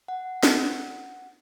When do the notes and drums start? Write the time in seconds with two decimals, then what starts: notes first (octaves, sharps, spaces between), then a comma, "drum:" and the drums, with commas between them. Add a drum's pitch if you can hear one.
0.08 F#5
0.43 drum: snare